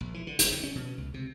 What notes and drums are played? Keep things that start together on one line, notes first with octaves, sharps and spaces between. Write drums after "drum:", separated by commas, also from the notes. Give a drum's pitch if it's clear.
A#1
E3
D3
F#1, drum: hi-hat
E2
C#4
B2
C#2
C3